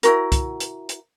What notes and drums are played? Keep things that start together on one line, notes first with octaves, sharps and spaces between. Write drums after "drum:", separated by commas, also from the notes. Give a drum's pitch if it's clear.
E4 F#4 A#4, drum: hi-hat
drum: kick, hi-hat
drum: hi-hat
drum: hi-hat